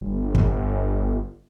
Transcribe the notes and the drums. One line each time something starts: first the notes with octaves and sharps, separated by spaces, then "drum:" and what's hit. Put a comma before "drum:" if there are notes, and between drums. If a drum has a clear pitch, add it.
G1
drum: kick